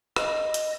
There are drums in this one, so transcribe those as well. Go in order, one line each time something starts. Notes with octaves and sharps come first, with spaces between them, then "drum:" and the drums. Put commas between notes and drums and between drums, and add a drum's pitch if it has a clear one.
D#5, drum: rim click
drum: hi-hat